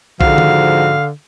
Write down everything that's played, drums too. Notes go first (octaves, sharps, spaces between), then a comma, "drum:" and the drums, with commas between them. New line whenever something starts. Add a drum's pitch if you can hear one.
G#2 D3 F3 F#4 F5, drum: kick A#1
drum: tom D#3